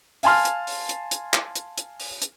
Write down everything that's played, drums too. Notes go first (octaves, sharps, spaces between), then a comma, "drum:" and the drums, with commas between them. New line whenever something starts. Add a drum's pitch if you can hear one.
F5 G#5 A5 C6 F6, drum: open hi-hat
drum: hi-hat
drum: open hi-hat
drum: hi-hat
drum: hi-hat
drum: clap
drum: hi-hat
drum: hi-hat
drum: open hi-hat
drum: hi-hat